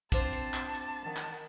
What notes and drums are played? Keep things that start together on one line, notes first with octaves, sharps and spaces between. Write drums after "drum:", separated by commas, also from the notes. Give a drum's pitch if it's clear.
C4 D4 F4 C5 A5, drum: kick, hi-hat
drum: hi-hat
drum: clap
drum: hi-hat
D#3 F#5
drum: clap